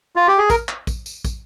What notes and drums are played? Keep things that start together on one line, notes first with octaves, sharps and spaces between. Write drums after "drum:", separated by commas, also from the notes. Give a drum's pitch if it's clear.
F4
G4
G#4
A#4, drum: kick, tambourine
drum: clap
drum: kick, tambourine
drum: tambourine
drum: kick, tambourine